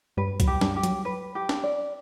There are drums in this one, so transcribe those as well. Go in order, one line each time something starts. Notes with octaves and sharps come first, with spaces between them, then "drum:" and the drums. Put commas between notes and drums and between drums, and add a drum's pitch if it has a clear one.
G2 G3 B4
F#3, drum: kick C2, hi-hat
G4
G2 G3, drum: snare
G4
F#3, drum: hi-hat
B4
G4
drum: snare
D5